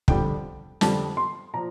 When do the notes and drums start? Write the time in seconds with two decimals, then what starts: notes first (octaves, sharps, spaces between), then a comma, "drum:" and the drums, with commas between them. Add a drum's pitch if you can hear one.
0.08 F2 D3 G3 G5, drum: kick
0.81 F2 D3 G3 A5, drum: snare
1.17 C6
1.53 A#2 F3 A#5